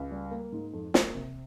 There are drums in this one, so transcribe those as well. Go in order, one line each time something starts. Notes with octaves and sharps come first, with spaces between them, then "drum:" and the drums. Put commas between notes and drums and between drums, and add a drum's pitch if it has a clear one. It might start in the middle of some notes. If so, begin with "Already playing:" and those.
Already playing: C#2
G3
A#3
G#2
F2
A#3, drum: snare
C3